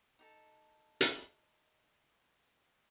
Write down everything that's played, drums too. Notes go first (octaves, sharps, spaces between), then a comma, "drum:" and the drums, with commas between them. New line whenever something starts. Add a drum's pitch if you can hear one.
D#4 G4 A4
drum: hi-hat